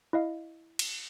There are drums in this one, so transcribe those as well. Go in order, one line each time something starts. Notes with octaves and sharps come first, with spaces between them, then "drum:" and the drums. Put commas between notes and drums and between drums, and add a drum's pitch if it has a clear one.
E4 D#5 F5
drum: cymbal